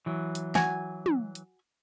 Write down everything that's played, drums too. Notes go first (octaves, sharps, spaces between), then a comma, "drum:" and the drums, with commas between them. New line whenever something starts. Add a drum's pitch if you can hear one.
E3 F#3
drum: hi-hat
F#4 G#5, drum: snare
drum: tom
drum: hi-hat